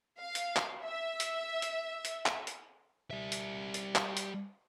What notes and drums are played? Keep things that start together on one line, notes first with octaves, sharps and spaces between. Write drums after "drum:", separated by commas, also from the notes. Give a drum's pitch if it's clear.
F5
drum: hi-hat
drum: clap
E5
drum: hi-hat
drum: hi-hat
drum: hi-hat
drum: clap
drum: hi-hat
G3 E5
drum: hi-hat
drum: hi-hat
drum: clap
drum: hi-hat